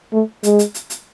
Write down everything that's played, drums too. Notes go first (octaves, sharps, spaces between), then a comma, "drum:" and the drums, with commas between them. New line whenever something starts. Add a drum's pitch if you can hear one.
A3
G#3, drum: hi-hat
drum: hi-hat
drum: hi-hat
drum: hi-hat